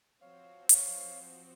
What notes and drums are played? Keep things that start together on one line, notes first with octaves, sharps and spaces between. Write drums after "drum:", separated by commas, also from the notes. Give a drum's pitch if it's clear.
F3 C4 F#4 C5 C#5 F5
C#5 F5, drum: hi-hat